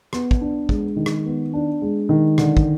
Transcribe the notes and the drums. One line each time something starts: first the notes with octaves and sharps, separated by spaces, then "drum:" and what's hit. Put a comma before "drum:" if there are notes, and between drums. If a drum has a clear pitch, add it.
B3, drum: rim click
drum: kick
D4
G#3, drum: kick
D#3
drum: rim click
B3
D4
G#3
D#3
D3, drum: rim click
drum: kick